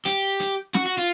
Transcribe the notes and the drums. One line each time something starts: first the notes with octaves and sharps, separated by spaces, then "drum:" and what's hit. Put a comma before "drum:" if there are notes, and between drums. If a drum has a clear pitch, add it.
G4, drum: hi-hat
drum: hi-hat
F#4, drum: snare
F#4
F4